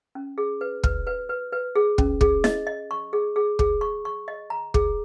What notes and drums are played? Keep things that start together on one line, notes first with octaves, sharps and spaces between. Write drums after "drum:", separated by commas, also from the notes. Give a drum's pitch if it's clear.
C#4
G#4
B4
B4, drum: kick
B4
B4
B4
G#4
C#4, drum: kick
G#4, drum: kick
D#5, drum: snare E4
D#5
C#6
G#4
G#4
G#4, drum: kick
C#6
C#6
D#5
A#5
G#4, drum: kick